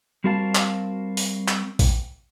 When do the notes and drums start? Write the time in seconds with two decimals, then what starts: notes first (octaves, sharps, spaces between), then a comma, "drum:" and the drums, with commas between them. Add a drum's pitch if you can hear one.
0.24 G3 C4 F#4 A#4 F5 A5
0.55 drum: clap
1.17 drum: open hi-hat
1.48 drum: clap
1.79 drum: kick A1, open hi-hat